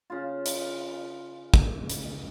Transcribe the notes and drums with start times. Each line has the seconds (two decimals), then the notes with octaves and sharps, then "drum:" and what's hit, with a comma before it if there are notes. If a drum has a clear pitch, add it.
0.10 C#3 F4
0.46 drum: hi-hat
1.54 drum: kick
1.90 drum: hi-hat